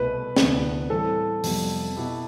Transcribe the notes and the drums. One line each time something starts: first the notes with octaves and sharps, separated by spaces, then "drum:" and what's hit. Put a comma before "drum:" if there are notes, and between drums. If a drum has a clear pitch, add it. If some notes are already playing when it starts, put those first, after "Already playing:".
Already playing: C2 B2 A3 B4
D2 C3 E3 B3 D4, drum: snare
A2 E3 G3 C4 A4
F2 C3 G3 B3, drum: open hi-hat
B2 B3 E4 G4